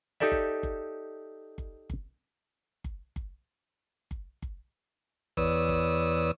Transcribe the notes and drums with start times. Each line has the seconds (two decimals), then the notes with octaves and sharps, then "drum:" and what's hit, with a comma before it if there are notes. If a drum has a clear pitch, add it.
0.20 D#4 G4 A4 D5 E5
0.32 drum: kick G1
0.63 drum: kick G1
1.58 drum: kick G1
1.90 drum: kick G1
2.84 drum: kick G1
3.16 drum: kick G1
4.11 drum: kick G1
4.42 drum: kick G1
5.37 E2 B4 C#5 D5 D#6 E6, drum: kick G1
5.69 drum: kick G1